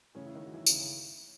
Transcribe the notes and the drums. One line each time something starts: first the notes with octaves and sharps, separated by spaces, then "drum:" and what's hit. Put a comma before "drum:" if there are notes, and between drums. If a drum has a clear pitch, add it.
A2 C#3 E3 C#4
E4
D#3 D#4
F#4
E3 E4
C#3 C#4, drum: tambourine
C#3 C#4